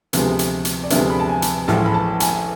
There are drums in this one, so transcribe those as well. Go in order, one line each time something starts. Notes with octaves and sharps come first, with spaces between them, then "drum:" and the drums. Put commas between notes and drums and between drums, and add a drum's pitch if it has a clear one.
D2 C3 F3 G#3 B3, drum: hi-hat
drum: hi-hat
drum: hi-hat
D5
D2 C3 F3 G#3 B3 E5, drum: hi-hat
B5
A5
G#5
drum: hi-hat
A1 A2 F3 G#3 A5, drum: snare
B5
A5
G#5, drum: hi-hat